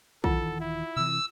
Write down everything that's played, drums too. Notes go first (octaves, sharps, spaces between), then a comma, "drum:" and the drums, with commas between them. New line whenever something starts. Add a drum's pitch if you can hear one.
D#1 D#3 E3 F4 A4 F#5, drum: kick
E4
C3 E3 E6